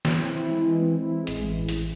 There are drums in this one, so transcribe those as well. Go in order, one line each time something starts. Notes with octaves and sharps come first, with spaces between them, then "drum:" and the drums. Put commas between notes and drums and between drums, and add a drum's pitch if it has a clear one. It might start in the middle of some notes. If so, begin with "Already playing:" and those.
E3, drum: snare
C4
E4
G#3
E3
C4
E4
G#3
A1, drum: hi-hat
E3
A1
drum: hi-hat